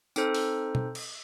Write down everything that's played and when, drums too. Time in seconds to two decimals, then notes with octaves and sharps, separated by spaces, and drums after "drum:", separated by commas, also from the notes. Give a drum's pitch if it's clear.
0.16 C4 D#4 A4 C5, drum: tambourine
0.35 drum: open hi-hat
0.75 drum: tom B2
0.95 drum: cymbal